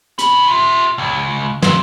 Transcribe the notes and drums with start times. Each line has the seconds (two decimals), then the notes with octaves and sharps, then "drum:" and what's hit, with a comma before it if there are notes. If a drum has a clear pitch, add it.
0.19 C#4 B5, drum: hi-hat
0.48 F4 E5
0.98 C#2
1.62 A#3 C4, drum: snare